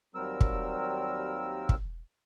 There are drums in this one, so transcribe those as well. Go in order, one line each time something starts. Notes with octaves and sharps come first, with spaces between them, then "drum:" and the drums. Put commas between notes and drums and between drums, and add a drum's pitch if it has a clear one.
D#2 F#3 G3 C4 A#4 E6
drum: kick
drum: kick